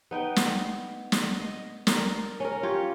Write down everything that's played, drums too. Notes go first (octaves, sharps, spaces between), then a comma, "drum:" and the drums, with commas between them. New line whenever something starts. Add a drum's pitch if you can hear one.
B3 D#4 G5
drum: snare
drum: snare
D#5
A#4 D5, drum: snare
C#4 A#4
F4 G4 C#5